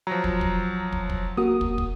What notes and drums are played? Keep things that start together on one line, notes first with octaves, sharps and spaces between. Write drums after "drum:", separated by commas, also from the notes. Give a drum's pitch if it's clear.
F3 F#3 A#5
drum: kick
drum: kick
drum: kick
drum: kick
A#3 F#4 D#6
drum: kick
drum: kick